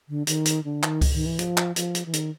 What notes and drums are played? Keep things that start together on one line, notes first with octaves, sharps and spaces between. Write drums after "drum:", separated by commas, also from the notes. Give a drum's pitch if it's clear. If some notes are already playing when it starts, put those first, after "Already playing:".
D3
D#3, drum: hi-hat
drum: hi-hat
D3
D#3, drum: clap
drum: kick C#2, open hi-hat
D#3
E3
F3, drum: hi-hat
drum: clap
F3, drum: hi-hat
drum: hi-hat
E3
D#3, drum: hi-hat